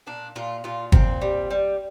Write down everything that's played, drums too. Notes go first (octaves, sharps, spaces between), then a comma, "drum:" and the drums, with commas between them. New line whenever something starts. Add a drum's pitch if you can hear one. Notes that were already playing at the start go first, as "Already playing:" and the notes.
A#2 D4
A#2 F4
A#2 F4
A#2 C4, drum: kick G1
G3
G3